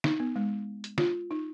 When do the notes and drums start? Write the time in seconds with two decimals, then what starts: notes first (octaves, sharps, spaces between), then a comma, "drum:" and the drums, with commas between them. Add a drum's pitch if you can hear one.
0.04 D#4, drum: snare
0.20 B3
0.36 G#3
0.84 drum: hi-hat
0.98 F4, drum: snare
1.31 D#4